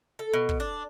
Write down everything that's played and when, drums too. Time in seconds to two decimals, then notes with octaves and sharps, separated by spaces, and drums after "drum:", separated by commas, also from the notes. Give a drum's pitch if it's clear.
0.19 A4
0.33 B2
0.49 drum: kick
0.60 D4